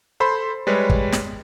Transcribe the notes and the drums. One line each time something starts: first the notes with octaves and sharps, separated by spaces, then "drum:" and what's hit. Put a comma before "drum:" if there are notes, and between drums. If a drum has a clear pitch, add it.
A4 C5 B5 C6
G3 G#3 B4 C#5
drum: kick
drum: snare